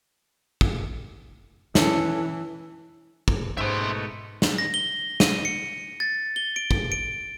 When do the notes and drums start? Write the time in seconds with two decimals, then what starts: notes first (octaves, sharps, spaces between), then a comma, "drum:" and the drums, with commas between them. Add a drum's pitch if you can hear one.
0.61 drum: kick
1.75 E3 C#4 A4, drum: snare
3.28 drum: kick
3.58 G#2 B2 A3 B3 E5 C6
4.42 drum: snare
4.58 A#6
4.74 G7
5.20 D#7, drum: snare
5.45 C#7
6.00 A6
6.36 G7
6.56 D7
6.71 drum: kick
6.92 D7